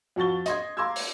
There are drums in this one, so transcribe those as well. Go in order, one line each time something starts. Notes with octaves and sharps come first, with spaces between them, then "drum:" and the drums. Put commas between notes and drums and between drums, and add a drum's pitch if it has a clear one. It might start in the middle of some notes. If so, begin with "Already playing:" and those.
F2 F#4 C#6 A6 G7
D#5 C6 G#6, drum: hi-hat
F5 A#5 C6 D6 E6 G#6
drum: open hi-hat